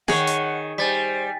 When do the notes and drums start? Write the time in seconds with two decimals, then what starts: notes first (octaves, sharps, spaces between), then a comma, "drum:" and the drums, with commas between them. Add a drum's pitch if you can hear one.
0.08 D#3 G#4 C#5 F#5, drum: snare
0.27 drum: hi-hat
0.78 G3 C5 G#5 A6 B6